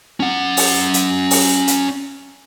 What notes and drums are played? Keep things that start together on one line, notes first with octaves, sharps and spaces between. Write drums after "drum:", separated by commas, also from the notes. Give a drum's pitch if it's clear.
C#4 F#5
drum: open hi-hat
drum: hi-hat
drum: open hi-hat
drum: hi-hat